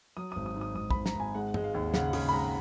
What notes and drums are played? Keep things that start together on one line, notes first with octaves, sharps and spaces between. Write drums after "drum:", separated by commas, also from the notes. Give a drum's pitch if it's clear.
F#3 D#6
G#1 D#6
D#6
G#2
D#6
G#1 D#6
G#1 B5, drum: kick
A#5, drum: snare
G#1 G#5
G#3 F#5
G#3, drum: tom
F5
D#2
C#3 F#5, drum: snare
C#3, drum: open hi-hat
B5
G#3 A#5